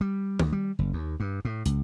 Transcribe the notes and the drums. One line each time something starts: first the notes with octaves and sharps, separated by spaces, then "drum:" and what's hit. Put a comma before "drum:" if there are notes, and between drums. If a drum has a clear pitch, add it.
G3
D2, drum: tom D#3
G3
F#1
D#2
G2
A2
C#2, drum: hi-hat